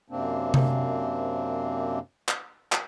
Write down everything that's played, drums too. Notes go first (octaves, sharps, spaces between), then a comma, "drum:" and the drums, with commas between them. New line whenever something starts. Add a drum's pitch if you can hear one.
F#2 C3 A#3 C4 D4
drum: tom C3
drum: clap
drum: clap